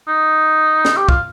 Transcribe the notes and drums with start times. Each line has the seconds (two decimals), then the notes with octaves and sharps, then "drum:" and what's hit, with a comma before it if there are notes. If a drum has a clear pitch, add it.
0.08 D#4
0.85 drum: snare
0.97 G4
1.09 F4, drum: kick